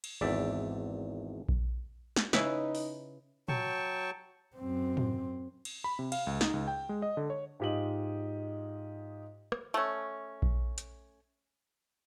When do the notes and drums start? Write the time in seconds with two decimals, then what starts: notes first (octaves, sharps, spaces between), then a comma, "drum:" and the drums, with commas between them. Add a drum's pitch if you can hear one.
0.04 drum: cymbal
0.21 G#1 E2 D5 E5
1.49 drum: kick A#1
2.16 drum: snare
2.33 C#3 D#4 E4 B4, drum: snare
2.75 drum: open hi-hat
3.48 F#3 G5 A5 C#6, drum: tom
4.57 F#2 C4
4.97 drum: tom
5.65 drum: cymbal
5.84 B5
5.99 C3
6.12 F5, drum: cymbal
6.27 C#2
6.41 D#4, drum: snare
6.54 C#2
6.68 G5
6.89 G#3
7.02 D#5
7.17 D3
7.30 C#5
7.60 G#2 F4 G4 D#5 F#7
9.52 drum: rim click
9.74 A3 C#4
10.42 drum: kick A#1
10.78 drum: hi-hat